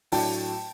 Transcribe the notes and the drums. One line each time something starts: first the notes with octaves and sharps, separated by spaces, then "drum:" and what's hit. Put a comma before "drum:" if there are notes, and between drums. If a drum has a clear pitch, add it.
A2 F#3 A3 D4 G5 A5, drum: open hi-hat